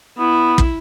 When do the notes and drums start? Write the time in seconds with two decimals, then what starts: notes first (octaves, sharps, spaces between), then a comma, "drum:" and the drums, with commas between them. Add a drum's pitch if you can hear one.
0.19 B3 E4
0.58 drum: kick